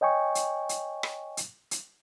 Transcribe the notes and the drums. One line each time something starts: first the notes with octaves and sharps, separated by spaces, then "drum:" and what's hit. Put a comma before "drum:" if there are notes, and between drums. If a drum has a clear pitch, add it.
C#5 D#5 G5 G#5 C#6
drum: hi-hat
drum: hi-hat
drum: rim click
drum: hi-hat
drum: hi-hat